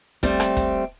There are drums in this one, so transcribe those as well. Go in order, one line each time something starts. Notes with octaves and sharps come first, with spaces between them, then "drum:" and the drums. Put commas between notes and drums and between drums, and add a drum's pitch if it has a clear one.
G3 A3 C4, drum: kick, hi-hat
drum: rim click
drum: kick, hi-hat